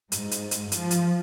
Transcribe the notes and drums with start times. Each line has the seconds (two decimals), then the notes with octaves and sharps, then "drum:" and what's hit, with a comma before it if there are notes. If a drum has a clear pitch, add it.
0.12 G#2, drum: hi-hat
0.31 drum: hi-hat
0.51 drum: hi-hat
0.72 F3, drum: hi-hat
0.91 drum: hi-hat